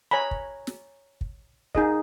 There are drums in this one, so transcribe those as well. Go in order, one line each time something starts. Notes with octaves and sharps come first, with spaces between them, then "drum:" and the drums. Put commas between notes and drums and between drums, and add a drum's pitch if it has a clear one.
C#5 G#5 A#5 B5
drum: kick
drum: snare
drum: kick
D#4 G#4 D#5, drum: kick